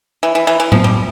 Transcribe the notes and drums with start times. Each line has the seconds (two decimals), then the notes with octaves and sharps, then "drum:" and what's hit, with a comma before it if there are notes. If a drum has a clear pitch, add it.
0.23 E3
0.35 E3
0.47 E3
0.60 E3
0.72 F3, drum: tom A2
0.84 G3